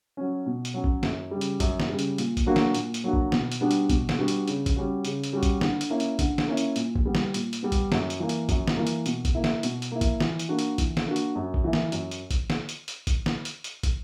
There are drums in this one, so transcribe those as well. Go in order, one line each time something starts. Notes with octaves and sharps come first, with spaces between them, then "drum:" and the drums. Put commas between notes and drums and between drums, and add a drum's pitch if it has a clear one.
F#3 C#4
B2
drum: hi-hat
F#3 C#4
drum: kick
F#2, drum: snare
C#3 G3
drum: hi-hat
F#2, drum: kick, hi-hat
drum: snare
C#3 G3
drum: hi-hat
A#2, drum: hi-hat
drum: kick, hi-hat
F#3 A#3 D4 F#4
drum: snare
A#2, drum: hi-hat
drum: hi-hat
F#3 A#3 D4 F#4
drum: kick
B2, drum: snare
drum: hi-hat
G3 B3 D4 F#4
drum: hi-hat
B2, drum: kick, hi-hat
drum: snare
G3 B3 D4 F#4
drum: hi-hat
C#3, drum: hi-hat
drum: kick, hi-hat
G3 C#4 F#4
C#3, drum: hi-hat
drum: hi-hat
G3 C#4 F#4
drum: kick, hi-hat
D3, drum: snare
drum: hi-hat
A#3 C#4 E4
drum: hi-hat
D3, drum: kick, hi-hat
drum: snare
A#3 C#4 E4
drum: hi-hat
A#2, drum: hi-hat
drum: kick
G3 B3
drum: snare
A#2, drum: hi-hat
drum: hi-hat
G3 B3
drum: kick, hi-hat
F#2, drum: snare
drum: hi-hat
E3 A#3
drum: hi-hat
F#2, drum: kick, hi-hat
drum: snare
E3 A#3
drum: hi-hat
B2, drum: hi-hat
drum: kick, hi-hat
A#3 E4
drum: snare
B2, drum: hi-hat
drum: hi-hat
A#3 E4
drum: kick, hi-hat
E3, drum: snare
drum: hi-hat
A#3 D4 F#4
drum: hi-hat
E3, drum: kick, hi-hat
drum: snare
A#3 D4 F#4
drum: hi-hat
F#2
drum: kick
E3 A#3 E4
drum: snare
F#2, drum: hi-hat
drum: hi-hat
drum: kick, hi-hat
drum: snare
drum: hi-hat
drum: hi-hat
drum: kick, hi-hat
drum: snare
drum: hi-hat
drum: hi-hat
drum: kick, hi-hat